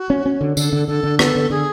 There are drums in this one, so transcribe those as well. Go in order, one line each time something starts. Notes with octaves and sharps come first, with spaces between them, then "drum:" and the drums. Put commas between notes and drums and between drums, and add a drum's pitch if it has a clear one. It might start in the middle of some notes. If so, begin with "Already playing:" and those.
Already playing: F#4
C#4
C#4
D3
D3 A4, drum: tambourine
D3
D3 A4
D3
B3 A4, drum: rim click
D3
D3 G#4